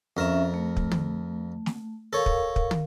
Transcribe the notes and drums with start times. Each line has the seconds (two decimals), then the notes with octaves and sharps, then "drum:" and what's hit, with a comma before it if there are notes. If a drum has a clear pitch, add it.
0.17 F2 C#4 A#4 E5
0.54 A3
0.77 drum: kick
0.91 drum: tom
1.66 drum: snare
2.13 A4 A#4 C#5 F5
2.26 drum: kick
2.56 drum: kick
2.71 drum: tom